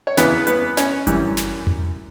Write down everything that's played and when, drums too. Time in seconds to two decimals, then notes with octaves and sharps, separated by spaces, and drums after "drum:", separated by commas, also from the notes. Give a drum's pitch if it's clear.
0.07 C#5
0.17 E2 C#3 E3 B3 B4, drum: snare
0.47 B3 B4, drum: hi-hat
0.77 C#4 C#5, drum: snare
1.07 F#2 E3 G3, drum: kick G1, hi-hat
1.37 drum: snare
1.67 drum: tom E2